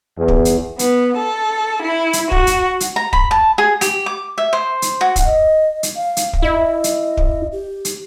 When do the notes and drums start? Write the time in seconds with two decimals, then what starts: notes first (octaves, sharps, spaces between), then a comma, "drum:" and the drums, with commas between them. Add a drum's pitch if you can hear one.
0.18 E2
0.28 drum: kick
0.45 drum: hi-hat
0.79 B3, drum: hi-hat
1.18 A4
1.82 E4
2.13 drum: hi-hat
2.32 F#4, drum: kick
2.47 drum: hi-hat
2.80 drum: hi-hat
2.96 A#5
3.13 B5, drum: kick
3.31 A5
3.58 G#4
3.81 G4, drum: hi-hat
4.06 D6
4.38 E5
4.53 C5
4.82 drum: hi-hat
5.01 F#4
5.16 drum: kick, hi-hat
5.25 D#5
5.83 drum: hi-hat
5.95 F5
6.17 drum: hi-hat
6.33 drum: kick
6.42 E4 D#5
6.84 drum: hi-hat
7.17 drum: kick
7.52 G4
7.85 drum: hi-hat